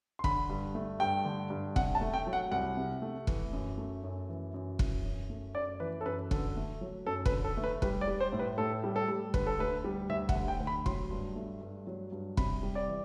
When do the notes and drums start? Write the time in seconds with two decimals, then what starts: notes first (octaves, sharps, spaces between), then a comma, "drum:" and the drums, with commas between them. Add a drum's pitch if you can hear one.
0.19 C6
0.24 D3 B5, drum: kick F1
0.50 G2
0.75 A3
1.00 G2 G5
1.25 D3
1.50 G2
1.76 C3 F#5, drum: kick F1
1.95 A5
2.01 A3
2.14 G5
2.27 F#3
2.33 F#5
2.52 C2 F#5
2.77 C3
3.02 A3
3.27 E3, drum: kick F1
3.53 F#2
3.78 A3
4.03 F#2
4.29 E3
4.54 F#2
4.79 E3, drum: kick F1
5.05 F#2
5.30 A3
5.55 F#2 D5
5.80 E3 B4
6.01 A4
6.06 F#2 B4
6.31 D3 A4, drum: kick F1
6.56 A3
6.81 F#3
7.06 F#2 A4
7.26 B4, drum: kick F1
7.32 D3
7.44 A4
7.57 A3
7.64 B4
7.82 G3 B4, drum: kick F1
8.01 D5
8.08 G3
8.20 C5
8.33 A2
8.39 B4
8.58 A2 A4
8.84 G3
8.96 A4
9.08 G3
9.34 D3 B4, drum: kick F1
9.47 A4
9.59 D2 B4
9.84 G3
10.10 D2 E5
10.29 F#5, drum: kick F1
10.35 D3
10.48 G5
10.60 D2
10.67 B5
10.86 F#3 C6, drum: kick F1
11.11 G2
11.36 A3
11.61 G2
11.87 F#3
12.12 G2
12.37 C3 B5, drum: kick F1
12.63 G3
12.75 D5
12.88 E3